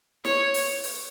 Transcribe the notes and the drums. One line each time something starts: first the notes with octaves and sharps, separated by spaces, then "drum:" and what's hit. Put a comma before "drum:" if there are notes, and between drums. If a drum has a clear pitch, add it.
C#5, drum: snare
drum: open hi-hat
drum: open hi-hat